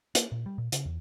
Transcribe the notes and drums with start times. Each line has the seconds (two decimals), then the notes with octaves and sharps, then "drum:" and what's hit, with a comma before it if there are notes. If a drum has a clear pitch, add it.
0.15 A#3, drum: hi-hat
0.32 A#2
0.46 G3
0.58 A#2
0.72 C#3, drum: hi-hat
0.85 E2